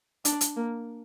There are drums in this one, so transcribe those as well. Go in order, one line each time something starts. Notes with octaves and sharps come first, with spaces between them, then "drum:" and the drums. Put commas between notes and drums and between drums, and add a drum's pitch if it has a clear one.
D4, drum: hi-hat
drum: hi-hat
A#3